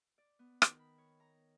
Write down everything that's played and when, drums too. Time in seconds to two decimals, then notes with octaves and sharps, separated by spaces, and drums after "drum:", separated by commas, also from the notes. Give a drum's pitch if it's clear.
0.18 D5
0.39 B3
0.62 D#3, drum: rim click
0.79 B5
0.98 C#5
1.20 A#5